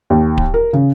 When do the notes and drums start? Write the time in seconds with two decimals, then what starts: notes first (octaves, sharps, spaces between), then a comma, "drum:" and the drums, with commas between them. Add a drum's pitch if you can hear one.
0.10 D#2
0.38 drum: kick D1
0.54 A#4
0.73 C#3